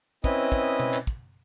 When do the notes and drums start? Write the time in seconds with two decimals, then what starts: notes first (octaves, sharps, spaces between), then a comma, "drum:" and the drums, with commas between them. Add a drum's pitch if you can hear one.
0.24 C4 C#4 E4 B4 D#5 D#6, drum: kick, hi-hat
0.52 drum: kick, hi-hat
0.80 drum: tom B2
0.93 drum: clap
1.07 drum: kick, hi-hat